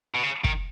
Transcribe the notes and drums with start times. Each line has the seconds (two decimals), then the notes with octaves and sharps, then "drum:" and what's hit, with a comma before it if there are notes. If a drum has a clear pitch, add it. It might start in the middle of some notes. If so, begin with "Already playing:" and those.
0.15 B2
0.23 C#3
0.44 D#3, drum: kick